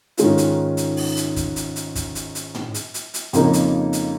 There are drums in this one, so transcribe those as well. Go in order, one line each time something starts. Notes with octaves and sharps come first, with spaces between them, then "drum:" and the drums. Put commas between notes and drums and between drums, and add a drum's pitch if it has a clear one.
G#2 D#3 G#3 C#4 F4, drum: hi-hat
drum: hi-hat
drum: hi-hat
drum: open hi-hat
drum: hi-hat
drum: kick, hi-hat
drum: hi-hat
drum: hi-hat
drum: kick, hi-hat
drum: hi-hat
drum: hi-hat
drum: tom
drum: hi-hat
drum: hi-hat
drum: hi-hat
F2 C#3 A#3 D#4, drum: hi-hat
drum: hi-hat
drum: hi-hat